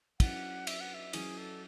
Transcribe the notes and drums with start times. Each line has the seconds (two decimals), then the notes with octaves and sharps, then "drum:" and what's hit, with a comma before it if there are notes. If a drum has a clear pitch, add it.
0.20 F#3 C#4 E4 F#5, drum: kick, cymbal
0.67 E5, drum: cymbal
0.81 F#5
0.94 E5
1.13 F#3 C#4 E4 G#4, drum: cymbal
1.38 A4